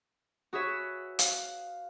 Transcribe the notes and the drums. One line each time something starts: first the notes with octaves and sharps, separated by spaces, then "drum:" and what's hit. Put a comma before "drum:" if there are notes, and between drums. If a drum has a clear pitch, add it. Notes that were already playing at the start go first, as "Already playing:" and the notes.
F#4 G#4 B4 C#5 E5
F5, drum: hi-hat